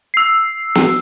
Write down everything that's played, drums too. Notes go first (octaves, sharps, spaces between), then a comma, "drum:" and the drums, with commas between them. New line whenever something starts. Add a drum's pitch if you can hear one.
E6 C7
drum: snare